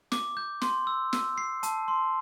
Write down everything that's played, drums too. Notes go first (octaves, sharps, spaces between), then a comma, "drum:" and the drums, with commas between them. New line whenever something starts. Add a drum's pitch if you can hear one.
D6, drum: snare
G6
C6, drum: snare
E6
E6, drum: snare
C7
A5, drum: hi-hat
C6